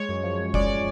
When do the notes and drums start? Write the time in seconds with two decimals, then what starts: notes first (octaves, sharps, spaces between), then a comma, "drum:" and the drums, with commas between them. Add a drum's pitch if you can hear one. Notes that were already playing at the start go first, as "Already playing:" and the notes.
Already playing: G#3 C#5
0.09 F#2
0.23 F3
0.38 F#2
0.54 G#3 D5, drum: kick F1